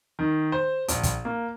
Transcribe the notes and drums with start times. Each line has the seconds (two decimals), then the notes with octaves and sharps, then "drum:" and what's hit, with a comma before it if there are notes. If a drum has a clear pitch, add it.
0.19 D#3
0.52 C5
0.88 A#1, drum: hi-hat
1.03 drum: kick, hi-hat
1.25 A#3